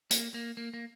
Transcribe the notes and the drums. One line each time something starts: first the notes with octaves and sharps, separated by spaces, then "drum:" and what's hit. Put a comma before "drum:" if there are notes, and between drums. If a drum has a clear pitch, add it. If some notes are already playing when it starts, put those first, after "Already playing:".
A#3, drum: hi-hat
A#3
A#3
A#3